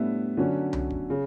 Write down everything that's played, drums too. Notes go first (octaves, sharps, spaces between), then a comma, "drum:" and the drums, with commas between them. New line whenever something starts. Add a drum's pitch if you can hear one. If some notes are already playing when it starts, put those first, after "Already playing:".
Already playing: A2 G3 B3 D4 E5
D3 F#3 C#4
drum: tom C2
drum: kick
C#3